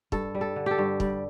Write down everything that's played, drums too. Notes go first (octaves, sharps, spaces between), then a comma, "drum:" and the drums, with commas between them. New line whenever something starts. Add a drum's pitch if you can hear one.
G2 A4, drum: kick
G3
A4
D3
G4 A4
G2
G3, drum: kick